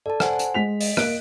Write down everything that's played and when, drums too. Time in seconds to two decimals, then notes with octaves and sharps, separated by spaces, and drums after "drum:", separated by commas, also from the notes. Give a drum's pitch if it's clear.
0.06 A4 D5 A5
0.20 C5 F#5 G#5, drum: rim click
0.39 drum: hi-hat
0.54 G#3 B6 F7
0.81 D#5, drum: open hi-hat
0.97 A#3 F#6 D7, drum: rim click